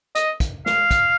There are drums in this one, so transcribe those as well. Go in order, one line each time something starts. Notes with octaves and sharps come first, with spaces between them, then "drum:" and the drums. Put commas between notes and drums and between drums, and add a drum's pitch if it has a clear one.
D#5, drum: hi-hat
drum: kick, hi-hat
F5, drum: snare
drum: kick, hi-hat